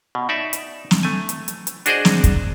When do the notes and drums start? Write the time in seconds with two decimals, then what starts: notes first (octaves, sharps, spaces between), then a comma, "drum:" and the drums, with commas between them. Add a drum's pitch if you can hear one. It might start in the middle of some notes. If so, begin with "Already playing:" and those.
0.15 B2
0.29 D#4 D5 E5
0.53 drum: hi-hat
0.91 drum: snare
1.03 A3 G#5
1.29 drum: hi-hat
1.48 drum: hi-hat
1.67 drum: hi-hat
1.86 D4 F#4 G#4 C5 D5 D#5, drum: hi-hat
2.05 drum: snare
2.24 drum: kick, hi-hat